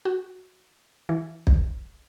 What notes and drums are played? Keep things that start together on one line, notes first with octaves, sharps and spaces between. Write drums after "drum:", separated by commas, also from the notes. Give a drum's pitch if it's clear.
F#4
E3
drum: kick